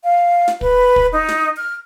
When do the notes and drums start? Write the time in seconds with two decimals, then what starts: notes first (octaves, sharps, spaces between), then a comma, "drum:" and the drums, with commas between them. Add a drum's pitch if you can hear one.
0.04 F5
0.48 drum: snare
0.61 B4, drum: kick
0.96 drum: kick
1.12 D#4
1.29 drum: snare
1.57 F6